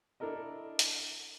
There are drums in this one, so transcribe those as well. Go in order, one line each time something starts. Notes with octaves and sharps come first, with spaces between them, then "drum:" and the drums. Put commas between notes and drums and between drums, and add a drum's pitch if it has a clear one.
D4 E4 A4 A#4 D#5
drum: hi-hat